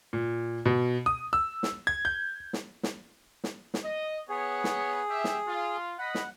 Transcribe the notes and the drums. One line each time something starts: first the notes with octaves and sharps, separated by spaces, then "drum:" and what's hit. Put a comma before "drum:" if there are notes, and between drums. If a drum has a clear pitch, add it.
A#2
B2
D#6
E6
drum: snare
G#6
G6
drum: snare
drum: snare
drum: snare
drum: snare
D#5
B3 G#4 C#5
drum: snare
G4 E5
drum: snare
F4
D#5 F#5 B5
drum: snare